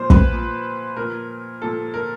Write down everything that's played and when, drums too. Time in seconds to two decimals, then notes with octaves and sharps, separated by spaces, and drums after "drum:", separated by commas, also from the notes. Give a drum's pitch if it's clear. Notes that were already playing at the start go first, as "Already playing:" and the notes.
Already playing: A#2 F3 C5
0.10 B4, drum: kick
0.31 A#2 F3
0.97 A#2 F3 A#4
1.62 A#2 F3 A4
1.94 A#4